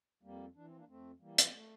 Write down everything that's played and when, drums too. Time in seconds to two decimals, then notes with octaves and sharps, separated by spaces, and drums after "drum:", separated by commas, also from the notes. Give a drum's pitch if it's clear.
0.23 F2 G3 A#3
0.55 E3 D4
0.66 C4
0.76 A#3 D4
0.88 F2 A3 C4
1.20 E3 G3 A#3
1.38 drum: hi-hat
1.53 A3